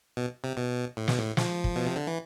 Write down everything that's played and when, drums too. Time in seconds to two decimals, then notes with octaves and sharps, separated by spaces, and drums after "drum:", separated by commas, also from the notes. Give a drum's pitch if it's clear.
0.17 B2
0.44 C3
0.57 B2
0.97 A2
1.08 B2, drum: snare
1.18 A2
1.37 F3, drum: snare
1.64 drum: kick
1.76 B2
1.87 C3
1.96 D3
2.07 E3